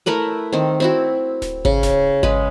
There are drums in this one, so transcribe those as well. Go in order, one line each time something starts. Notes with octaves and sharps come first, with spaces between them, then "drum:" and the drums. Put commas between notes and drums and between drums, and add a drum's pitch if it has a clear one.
A3 E4 A#4 B4
D#3 C4
C4 E4 F#4
drum: snare D1
C#3, drum: kick G#1
drum: snare D1
G#3 B4, drum: kick G#1